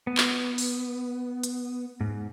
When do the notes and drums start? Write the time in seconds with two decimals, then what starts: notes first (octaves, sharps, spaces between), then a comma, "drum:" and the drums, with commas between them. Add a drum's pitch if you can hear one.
0.07 B3
0.18 drum: clap
0.58 drum: open hi-hat
1.43 drum: hi-hat
2.01 G#2